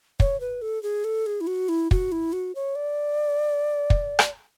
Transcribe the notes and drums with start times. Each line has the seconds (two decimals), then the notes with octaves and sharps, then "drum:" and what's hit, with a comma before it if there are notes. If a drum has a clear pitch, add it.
0.20 C#5, drum: kick
0.40 B4
0.61 A4
0.83 G#4
1.04 A4
1.26 G#4
1.41 E4
1.47 F#4
1.69 E4
1.91 F#4, drum: kick
2.12 E4
2.33 F#4
2.55 C#5
2.75 D5
3.90 drum: kick
4.19 drum: rim click